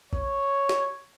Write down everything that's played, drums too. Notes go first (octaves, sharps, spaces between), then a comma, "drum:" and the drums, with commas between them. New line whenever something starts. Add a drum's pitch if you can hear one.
C#5, drum: kick G#1
drum: snare